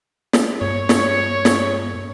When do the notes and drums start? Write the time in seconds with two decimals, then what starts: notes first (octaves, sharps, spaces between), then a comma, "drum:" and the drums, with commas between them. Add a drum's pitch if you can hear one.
0.33 drum: snare
0.61 G2 C#5
0.89 drum: snare
1.45 drum: snare